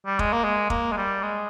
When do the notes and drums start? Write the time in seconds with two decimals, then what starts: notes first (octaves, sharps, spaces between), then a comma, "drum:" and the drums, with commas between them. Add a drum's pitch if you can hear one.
0.06 G3
0.19 G#3, drum: kick
0.33 A#3
0.44 G#3
0.70 A#3, drum: kick
0.92 G#3
0.97 G3
1.23 G#3